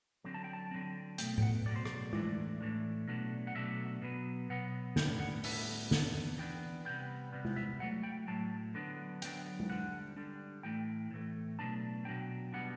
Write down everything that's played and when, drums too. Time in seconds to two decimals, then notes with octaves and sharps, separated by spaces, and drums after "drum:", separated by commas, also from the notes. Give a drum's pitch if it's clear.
0.24 D3 F#3 C4
0.34 A5
0.44 G5
0.53 A5
0.71 D3 F#3 C4
1.18 B2 F#3 A3 G5, drum: hi-hat
1.38 G5, drum: tom A2
1.42 F#5
1.65 B2 F#3 A3 D5
1.76 C5
1.85 D5, drum: rim click
2.13 A2 E3 A3 D4 D5, drum: tom G#3
2.61 A2 E3 A3 D4
3.08 B2 F#3 A3 D4
3.47 F#5
3.55 B2 F#3 A3 D4 E5
4.02 B2 F#3 B3
4.50 B2 F#3 B3 F#5
4.96 A2 G3 B3 D4 G5, drum: snare
5.20 F#5
5.44 A2 G3 B3 D4 E5, drum: open hi-hat
5.91 E3 B3 D4, drum: snare
6.38 E3 B3 D4 G5
6.85 C3 G3 B3 G5
7.33 C3 G3 B3
7.45 drum: tom G#3
7.56 E5
7.80 A2 F#3 A3 F#5
8.03 G5
8.28 A2 F#3 A3 A5
8.74 D3 F#3 B3 D4
9.22 D3 F#3 B3 D4 G5, drum: hi-hat
9.60 drum: tom G#3
9.69 D3 G3 D4 F#5
10.17 D3 G3 D4
10.63 A2 E3 A3 G5
11.11 A2 E3 A3
11.59 B2 F#3 A3 D4 A5
12.05 B2 F#3 A3 D4 G5
12.52 B2 G3 B3 D4 F#5